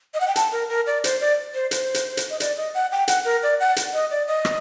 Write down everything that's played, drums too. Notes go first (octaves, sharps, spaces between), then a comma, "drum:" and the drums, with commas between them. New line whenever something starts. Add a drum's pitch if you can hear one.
D#5
F#5
G5
A5, drum: hi-hat
A#4
A#4
D5
C5, drum: hi-hat
D5
C5
C5, drum: hi-hat
drum: hi-hat
drum: hi-hat
D#5
D5, drum: hi-hat
D#5
F#5
G5
F#5, drum: hi-hat
A#4
D5
F#5
drum: hi-hat
D#5
D5
D#5
drum: rim click